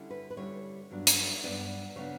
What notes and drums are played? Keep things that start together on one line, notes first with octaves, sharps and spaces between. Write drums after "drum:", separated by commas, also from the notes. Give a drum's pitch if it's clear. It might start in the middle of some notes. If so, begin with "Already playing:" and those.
Already playing: D3 G3 C#4 E4
B4
B4
D3 G3 C#4 E4 C#5
G2 F#3 B3 D4
drum: hi-hat
G2 F#3 B3 D4 D5
C#3 F#3 B3 D4 C#5